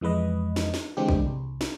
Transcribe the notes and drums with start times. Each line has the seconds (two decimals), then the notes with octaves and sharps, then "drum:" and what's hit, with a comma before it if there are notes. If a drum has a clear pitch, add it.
0.01 F2 E3 G#3 B4 D#5
0.56 drum: snare
0.74 drum: snare
0.97 D3 E3 G#3 C4 D4 G4
1.09 drum: kick
1.26 C2
1.61 drum: snare